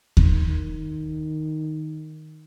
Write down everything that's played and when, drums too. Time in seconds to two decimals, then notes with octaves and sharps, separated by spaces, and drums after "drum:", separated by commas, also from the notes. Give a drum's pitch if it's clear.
0.17 D#3, drum: kick D#2
0.47 D#3